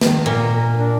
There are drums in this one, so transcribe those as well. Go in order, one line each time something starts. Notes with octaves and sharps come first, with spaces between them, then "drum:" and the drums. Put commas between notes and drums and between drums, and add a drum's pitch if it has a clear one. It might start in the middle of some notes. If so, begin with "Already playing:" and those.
D#3, drum: snare
A#2 A#4
D4